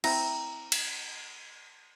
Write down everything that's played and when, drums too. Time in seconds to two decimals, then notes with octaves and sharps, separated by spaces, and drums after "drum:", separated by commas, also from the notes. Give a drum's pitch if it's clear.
0.04 C4 E4 A#5, drum: cymbal
0.72 drum: cymbal